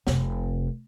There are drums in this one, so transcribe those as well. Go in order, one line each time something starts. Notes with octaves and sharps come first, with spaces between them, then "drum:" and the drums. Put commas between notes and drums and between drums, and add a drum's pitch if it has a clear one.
F1 C3, drum: snare